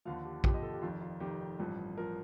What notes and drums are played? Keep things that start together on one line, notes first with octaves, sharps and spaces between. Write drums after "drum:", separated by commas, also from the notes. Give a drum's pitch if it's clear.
D#2 D3 F3 F5
G4
D#2 D3 F3 G4, drum: kick A#1
D#5
A4
G4
F1 F2 D#3 F4
F4
F1 F2 D#3 G4
A1 G2 F3
F3 A#4